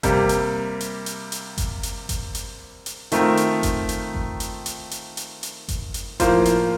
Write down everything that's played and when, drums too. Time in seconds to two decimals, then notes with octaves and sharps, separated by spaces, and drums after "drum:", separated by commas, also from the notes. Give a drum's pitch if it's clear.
0.03 C3 G3 A#3, drum: kick G1, hi-hat
0.29 drum: hi-hat
0.81 drum: hi-hat
1.06 drum: hi-hat
1.32 drum: hi-hat
1.58 drum: kick G1, hi-hat
1.83 drum: hi-hat
2.09 drum: kick G1, hi-hat
2.35 drum: hi-hat
2.86 drum: hi-hat
3.12 D#3 A3 C4 F4 A#4, drum: hi-hat
3.37 drum: hi-hat
3.63 drum: kick G1, hi-hat
3.89 drum: hi-hat
4.14 drum: kick G1
4.40 drum: hi-hat
4.66 drum: hi-hat
4.91 drum: hi-hat
5.17 drum: hi-hat
5.43 drum: hi-hat
5.68 drum: kick G1, hi-hat
5.94 drum: hi-hat
6.20 A2 F3 A#3 F4 C5, drum: kick G1, hi-hat
6.45 drum: hi-hat